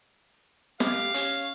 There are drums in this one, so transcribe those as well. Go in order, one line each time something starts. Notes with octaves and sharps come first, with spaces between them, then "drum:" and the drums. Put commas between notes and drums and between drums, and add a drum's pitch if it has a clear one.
G4 F5, drum: snare
C#4, drum: hi-hat